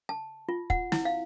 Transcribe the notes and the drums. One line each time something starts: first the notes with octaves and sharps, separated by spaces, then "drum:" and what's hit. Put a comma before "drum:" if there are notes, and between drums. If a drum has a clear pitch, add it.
A5
F4
F#5, drum: kick
E4, drum: snare
F5